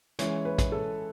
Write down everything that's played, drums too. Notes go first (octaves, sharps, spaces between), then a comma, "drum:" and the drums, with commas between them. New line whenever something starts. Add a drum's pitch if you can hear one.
E3 G#3 C#4 E4 C#5, drum: hi-hat
B4
drum: kick, hi-hat
A4